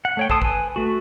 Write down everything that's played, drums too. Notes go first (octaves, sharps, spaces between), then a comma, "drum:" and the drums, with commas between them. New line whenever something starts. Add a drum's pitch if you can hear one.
F#5
A3 C#5 G5
A4 C5 A5 D#6, drum: kick
B4 G#5, drum: kick
A3 F#4